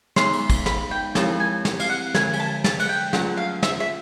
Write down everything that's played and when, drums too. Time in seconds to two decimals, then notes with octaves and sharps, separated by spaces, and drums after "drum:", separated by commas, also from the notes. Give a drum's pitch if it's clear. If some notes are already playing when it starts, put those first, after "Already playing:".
0.16 G#3 B3 D#4 C6, drum: snare
0.33 drum: cymbal
0.50 drum: kick, cymbal
0.66 B5, drum: snare
0.91 G5
1.15 F3 G#3 C4 E4 G4 A5, drum: snare
1.40 G#5
1.65 drum: snare
1.80 F5, drum: cymbal
1.89 F#5
2.14 D3 F3 G#3 G#5, drum: snare
2.33 G#5, drum: cymbal
2.40 A5
2.64 A5, drum: snare
2.80 F#5, drum: cymbal
2.89 G5
3.13 F#3 A3 C#4 F4 G#4 F#5, drum: snare
3.37 F5
3.63 E5, drum: snare
3.80 E5